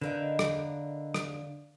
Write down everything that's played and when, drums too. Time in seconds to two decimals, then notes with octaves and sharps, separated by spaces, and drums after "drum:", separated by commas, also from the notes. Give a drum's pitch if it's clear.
0.01 D3 D#4 A#4 B4 D5 F5
0.39 drum: rim click
1.14 drum: rim click